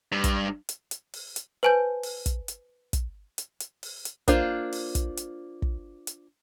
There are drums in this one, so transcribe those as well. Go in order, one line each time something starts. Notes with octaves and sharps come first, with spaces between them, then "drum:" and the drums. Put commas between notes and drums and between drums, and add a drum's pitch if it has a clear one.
G2
drum: kick, hi-hat
drum: hi-hat
drum: hi-hat
drum: open hi-hat
drum: hi-hat
B4 C5 G#5 A5 G6
drum: open hi-hat
drum: kick, hi-hat
drum: hi-hat
drum: kick, hi-hat
drum: hi-hat
drum: hi-hat
drum: open hi-hat
drum: hi-hat
A#3 D4 F4 C5, drum: kick, hi-hat
drum: open hi-hat
drum: kick, hi-hat
drum: hi-hat
drum: kick
drum: hi-hat